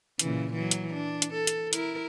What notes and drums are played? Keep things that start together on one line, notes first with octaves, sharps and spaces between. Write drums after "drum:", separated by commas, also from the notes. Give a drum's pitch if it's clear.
A#2 C#3 E3, drum: hi-hat
E3 F#3
drum: hi-hat
D4
drum: hi-hat
A4
drum: hi-hat
E4 A#4, drum: hi-hat